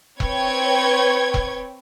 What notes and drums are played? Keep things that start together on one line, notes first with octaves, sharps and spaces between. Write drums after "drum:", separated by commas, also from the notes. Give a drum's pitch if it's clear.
C4 B4 C#5 G5 C#6 G#6, drum: kick E1
drum: kick E1